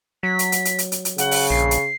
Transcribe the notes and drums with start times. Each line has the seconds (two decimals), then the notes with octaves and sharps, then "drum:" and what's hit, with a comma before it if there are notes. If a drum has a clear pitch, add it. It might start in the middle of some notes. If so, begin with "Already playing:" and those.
0.23 F#3 B6
0.39 drum: hi-hat
0.52 drum: hi-hat
0.65 drum: hi-hat
0.79 drum: hi-hat
0.92 drum: hi-hat
1.05 drum: hi-hat
1.18 C#3 F#5, drum: hi-hat
1.31 drum: open hi-hat
1.50 A#1 C7
1.71 drum: hi-hat